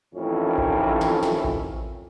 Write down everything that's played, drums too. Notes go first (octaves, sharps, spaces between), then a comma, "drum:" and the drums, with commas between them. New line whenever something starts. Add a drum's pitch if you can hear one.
A1 F2 D#3 C#4 E4
drum: kick A1
drum: snare
drum: snare
drum: kick A1